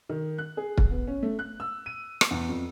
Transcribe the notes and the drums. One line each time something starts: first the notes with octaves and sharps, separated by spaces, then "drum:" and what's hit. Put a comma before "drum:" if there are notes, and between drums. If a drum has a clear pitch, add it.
D#3
F#6
G#4
drum: kick
B3
C#4
A3
F#6
E6
D#7
drum: rim click
E2
F2